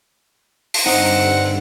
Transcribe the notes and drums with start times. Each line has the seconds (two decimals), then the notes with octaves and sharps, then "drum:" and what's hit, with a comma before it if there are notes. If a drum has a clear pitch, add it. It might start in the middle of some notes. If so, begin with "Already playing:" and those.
0.74 drum: open hi-hat
0.86 G2 D3 C4 D#4 F#5